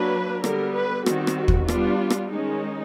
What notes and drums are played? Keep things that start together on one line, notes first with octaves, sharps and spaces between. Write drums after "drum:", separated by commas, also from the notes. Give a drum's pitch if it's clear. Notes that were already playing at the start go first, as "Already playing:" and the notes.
Already playing: F#3 A#3 D4 B4
D3 G3 B3 A#4, drum: rim click
B4
D#3 G3 C4 F#4, drum: rim click
drum: rim click
drum: kick
G3 B3 D4 F4, drum: rim click
drum: rim click
D#3 G#3 C#4 D#4